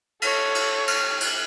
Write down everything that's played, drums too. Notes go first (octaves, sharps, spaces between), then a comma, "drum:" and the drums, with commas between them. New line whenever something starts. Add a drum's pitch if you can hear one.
A4 C#5, drum: cymbal
drum: cymbal
drum: cymbal
drum: cymbal